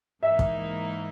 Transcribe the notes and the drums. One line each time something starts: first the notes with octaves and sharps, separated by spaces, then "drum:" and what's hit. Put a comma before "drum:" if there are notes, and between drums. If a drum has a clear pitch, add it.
G#2 E3 A#3 D#4 E5
drum: kick